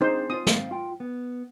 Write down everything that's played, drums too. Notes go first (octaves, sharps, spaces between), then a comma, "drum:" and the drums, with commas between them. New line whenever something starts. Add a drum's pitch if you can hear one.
C4 D4 D#4 G#4 C5
C4 F4 C5 D#6
C4 C5 F5, drum: snare
F4 G5
B3